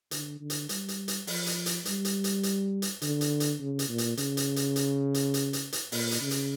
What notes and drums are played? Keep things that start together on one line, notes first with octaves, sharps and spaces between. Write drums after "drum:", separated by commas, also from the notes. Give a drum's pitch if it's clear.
D3, drum: hi-hat
D3
drum: hi-hat
G3, drum: hi-hat
drum: hi-hat
drum: hi-hat
F3, drum: open hi-hat
drum: hi-hat
drum: hi-hat
G3, drum: hi-hat
drum: hi-hat
drum: hi-hat
drum: hi-hat
drum: hi-hat
D3, drum: hi-hat
drum: hi-hat
drum: hi-hat
C#3
drum: hi-hat
A#2
drum: hi-hat
C#3, drum: hi-hat
drum: hi-hat
drum: hi-hat
drum: hi-hat
drum: hi-hat
drum: hi-hat
drum: hi-hat
drum: hi-hat
A#2, drum: open hi-hat
drum: hi-hat
C#3
drum: hi-hat